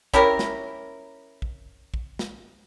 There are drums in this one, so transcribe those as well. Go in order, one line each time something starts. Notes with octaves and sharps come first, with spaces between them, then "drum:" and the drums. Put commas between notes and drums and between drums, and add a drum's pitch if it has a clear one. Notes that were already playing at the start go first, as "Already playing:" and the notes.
C#4 E4 G4 A#4, drum: kick
drum: snare
drum: kick
drum: kick
drum: snare